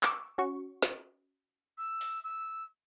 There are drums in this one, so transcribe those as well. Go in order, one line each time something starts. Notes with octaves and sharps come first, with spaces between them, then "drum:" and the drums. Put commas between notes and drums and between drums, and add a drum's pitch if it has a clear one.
C#6 D6 E6, drum: clap
C#4 F#4 C#6
drum: snare
E6
drum: open hi-hat
E6